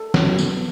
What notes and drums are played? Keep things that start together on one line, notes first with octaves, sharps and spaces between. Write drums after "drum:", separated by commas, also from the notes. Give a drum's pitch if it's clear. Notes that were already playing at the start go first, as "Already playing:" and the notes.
Already playing: A4
F#3, drum: snare
B3, drum: tambourine